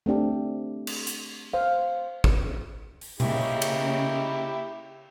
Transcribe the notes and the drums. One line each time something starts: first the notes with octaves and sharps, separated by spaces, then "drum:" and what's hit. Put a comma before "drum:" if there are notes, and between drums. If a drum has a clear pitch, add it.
A3 C4 D4 G4
drum: cymbal
drum: hi-hat
C5 F5
drum: kick
drum: open hi-hat
C#3 A#3 D#4 E4 G4, drum: tom B2
drum: cymbal